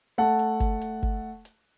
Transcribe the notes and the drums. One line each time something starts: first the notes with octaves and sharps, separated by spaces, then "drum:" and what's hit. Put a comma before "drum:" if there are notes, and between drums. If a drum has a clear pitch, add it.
A3 F#5 A5
drum: hi-hat
drum: kick G1, hi-hat
drum: hi-hat
drum: kick G1
drum: hi-hat